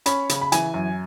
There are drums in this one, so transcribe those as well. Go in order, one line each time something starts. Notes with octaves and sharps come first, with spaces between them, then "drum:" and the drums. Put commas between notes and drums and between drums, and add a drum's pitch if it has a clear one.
C#4 B5, drum: hi-hat
C#3, drum: hi-hat
B5
E3 G#5, drum: hi-hat
F#2